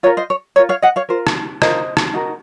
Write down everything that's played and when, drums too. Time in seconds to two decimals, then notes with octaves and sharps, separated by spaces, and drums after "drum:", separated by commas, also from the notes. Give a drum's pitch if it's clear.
0.03 F4 A#4 C#5
0.17 C5 D#5
0.30 C#5
0.56 F4 A#4 C#5
0.69 C#5 F5
0.82 D#5 F#5
0.96 C#5 F5
1.09 F4 A#4 C5
1.27 drum: rim click
1.62 F4 A#4 C5 D#5, drum: rim click
1.97 drum: rim click
2.14 D#4 F#4 A#4